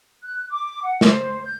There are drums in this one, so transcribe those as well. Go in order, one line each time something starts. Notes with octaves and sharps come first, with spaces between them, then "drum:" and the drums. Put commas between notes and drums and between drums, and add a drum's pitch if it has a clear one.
F#6
D6
F#5
C5, drum: snare
G6